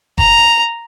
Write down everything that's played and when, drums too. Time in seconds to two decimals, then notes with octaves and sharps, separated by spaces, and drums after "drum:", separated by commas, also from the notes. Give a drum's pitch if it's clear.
0.18 A#5, drum: kick F#1